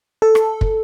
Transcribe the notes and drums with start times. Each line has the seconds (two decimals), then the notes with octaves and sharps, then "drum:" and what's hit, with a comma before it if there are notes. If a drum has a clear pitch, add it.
0.22 A4
0.35 drum: rim click
0.61 drum: kick